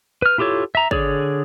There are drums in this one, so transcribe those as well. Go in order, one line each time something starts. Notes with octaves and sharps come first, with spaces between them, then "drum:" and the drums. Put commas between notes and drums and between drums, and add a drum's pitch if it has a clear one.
B4 F6
E4 F4 G4 A4 C#5
E5 A#5
D3 G#4 C#5 D5, drum: kick